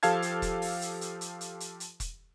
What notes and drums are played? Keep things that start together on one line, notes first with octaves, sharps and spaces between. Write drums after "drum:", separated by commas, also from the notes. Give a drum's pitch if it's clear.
F3 G4 A4 F5 A5 G#6, drum: hi-hat
drum: hi-hat
drum: kick E1, hi-hat
drum: open hi-hat
drum: hi-hat
drum: hi-hat
drum: hi-hat
drum: hi-hat
drum: hi-hat
drum: hi-hat
drum: kick E1, hi-hat